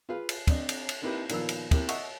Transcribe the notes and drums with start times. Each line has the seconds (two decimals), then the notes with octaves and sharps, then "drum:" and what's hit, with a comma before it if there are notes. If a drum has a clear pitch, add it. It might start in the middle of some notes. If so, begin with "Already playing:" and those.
0.09 F4 G#4 B4 F5
0.29 drum: cymbal
0.47 C4 D4 D#5, drum: kick, cymbal
0.69 drum: cymbal
0.89 drum: cymbal
1.02 A#3 C4 D#4 E4 G4 B4
1.29 A#2 D#3 F3 B3 E6, drum: cymbal
1.49 drum: cymbal
1.71 A#3 C4 E4 G4, drum: kick, cymbal
1.89 D#5 E5 F#5 C#6, drum: cymbal